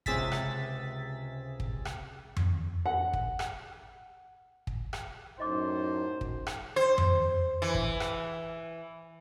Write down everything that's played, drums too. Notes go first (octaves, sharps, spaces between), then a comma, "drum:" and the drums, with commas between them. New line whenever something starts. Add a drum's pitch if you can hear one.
C#2 C3 G#4 E5 A6 B6, drum: kick
drum: rim click
drum: kick
drum: rim click
drum: tom F2
F#5
drum: kick
drum: rim click
drum: kick
drum: rim click
F#2 A2 D#4 C5 D#5 D6
drum: kick
drum: rim click
C5
drum: tom F2
E3
drum: kick
drum: rim click